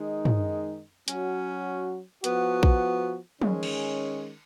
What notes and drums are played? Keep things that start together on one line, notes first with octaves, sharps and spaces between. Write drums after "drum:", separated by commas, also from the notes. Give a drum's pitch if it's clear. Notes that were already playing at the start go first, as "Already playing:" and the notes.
Already playing: D#3 G#3 D#4
drum: tom
F#3 C#4 F#4, drum: hi-hat
F3 B3 F#4, drum: hi-hat
drum: kick A#1
D#3 G#3 C#4, drum: tom
drum: cymbal